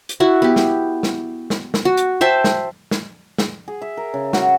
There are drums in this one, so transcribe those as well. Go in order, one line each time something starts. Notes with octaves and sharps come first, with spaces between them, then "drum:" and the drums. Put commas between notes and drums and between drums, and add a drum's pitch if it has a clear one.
drum: hi-hat
E4 F#4
B3 G4
drum: snare
drum: snare
drum: snare
drum: snare
F#4
drum: hi-hat
C5 E5 G5 A5
drum: snare
drum: snare
drum: snare
G#4
E5
A#4
C#3
F#4, drum: snare